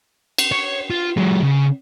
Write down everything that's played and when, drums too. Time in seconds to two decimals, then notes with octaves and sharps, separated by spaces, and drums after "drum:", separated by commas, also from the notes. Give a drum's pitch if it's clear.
0.38 drum: cymbal
0.52 C#5
0.90 F4
1.17 F#3 G#3
1.43 C#3